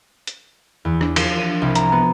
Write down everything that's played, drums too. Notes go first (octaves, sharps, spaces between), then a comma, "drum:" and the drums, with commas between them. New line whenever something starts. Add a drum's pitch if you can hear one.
drum: hi-hat
E2
D4, drum: rim click
F3, drum: cymbal
D#7
C2
A#5, drum: hi-hat
B3